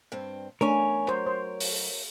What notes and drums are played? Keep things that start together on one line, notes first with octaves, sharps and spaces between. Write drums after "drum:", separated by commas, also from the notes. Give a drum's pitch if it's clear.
G2 C4
E2 A3 C#4 D4 A#4 C#5 G#5
F#3 C5
C5
drum: open hi-hat